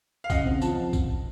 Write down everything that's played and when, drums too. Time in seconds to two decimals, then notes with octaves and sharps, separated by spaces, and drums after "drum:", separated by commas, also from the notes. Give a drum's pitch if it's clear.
0.24 F5
0.30 C#3 D#5 F#5, drum: kick B1, tambourine
0.45 C4
0.62 F3 A5, drum: tambourine
0.93 drum: kick B1, tambourine